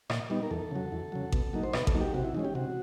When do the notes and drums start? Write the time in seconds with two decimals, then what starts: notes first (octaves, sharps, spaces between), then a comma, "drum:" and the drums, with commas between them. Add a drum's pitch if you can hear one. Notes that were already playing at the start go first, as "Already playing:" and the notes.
0.10 A#2, drum: rim click
0.30 G3 B3 D#4
0.43 A#4
0.51 E2 A4
0.71 C#3 F#3
0.92 E2
1.12 C#3 F#3
1.32 B2, drum: kick A1
1.53 F#3 A#3 D#4
1.63 C5
1.73 B2 B4, drum: rim click
1.87 A4, drum: kick A1
1.94 F#3 A#3 D#4
2.01 G4
2.14 C3 F#4
2.25 E4
2.34 E3 G#3 C#4 D#4
2.45 G4
2.55 C3 F#4